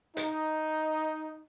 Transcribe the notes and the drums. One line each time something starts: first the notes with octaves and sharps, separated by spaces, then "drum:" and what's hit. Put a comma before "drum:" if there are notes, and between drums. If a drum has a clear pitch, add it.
D#4, drum: hi-hat